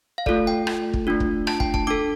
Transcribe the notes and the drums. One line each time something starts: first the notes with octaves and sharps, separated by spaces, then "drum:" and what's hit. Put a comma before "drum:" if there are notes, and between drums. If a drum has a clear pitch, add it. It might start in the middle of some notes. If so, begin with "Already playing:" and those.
F5
A3 F4 A4 D5, drum: kick
G5
drum: rim click
drum: kick
A3 D4 F4
drum: kick
A5, drum: rim click
G5, drum: kick
A5, drum: kick
D4 A4 D6